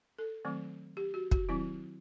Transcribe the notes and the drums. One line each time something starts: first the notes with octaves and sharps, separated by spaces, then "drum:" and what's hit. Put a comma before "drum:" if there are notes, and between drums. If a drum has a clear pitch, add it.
A4
D#3 F#3 A3 C4
G4
F#4
F#4, drum: kick
D#3 F#3 C4 E4